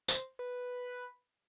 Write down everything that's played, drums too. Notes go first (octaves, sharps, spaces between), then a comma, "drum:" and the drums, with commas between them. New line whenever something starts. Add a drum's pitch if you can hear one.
C5, drum: tambourine
B4